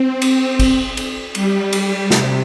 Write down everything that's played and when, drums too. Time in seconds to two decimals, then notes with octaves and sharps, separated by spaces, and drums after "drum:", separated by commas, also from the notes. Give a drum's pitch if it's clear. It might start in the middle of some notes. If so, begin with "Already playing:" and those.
Already playing: C4
0.22 drum: cymbal
0.59 drum: kick, cymbal
0.97 drum: cymbal
1.35 G3, drum: cymbal
1.73 G3, drum: cymbal
2.11 C3, drum: snare